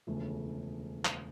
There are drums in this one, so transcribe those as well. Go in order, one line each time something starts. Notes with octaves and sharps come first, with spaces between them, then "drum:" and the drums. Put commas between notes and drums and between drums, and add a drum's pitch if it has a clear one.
E1 D2 C#3 F3 A3
drum: clap